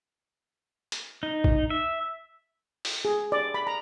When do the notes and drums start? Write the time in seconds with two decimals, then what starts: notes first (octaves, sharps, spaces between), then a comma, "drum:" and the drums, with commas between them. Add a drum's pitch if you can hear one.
0.92 drum: hi-hat
1.23 D#4
1.44 drum: kick
1.70 E5
2.85 drum: open hi-hat
3.05 G#4
3.32 D5
3.54 B5
3.67 A#5